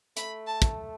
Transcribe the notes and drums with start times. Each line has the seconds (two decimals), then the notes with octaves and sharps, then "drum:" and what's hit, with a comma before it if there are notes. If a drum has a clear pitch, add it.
0.17 A3 B5, drum: hi-hat
0.47 A5
0.62 drum: kick, hi-hat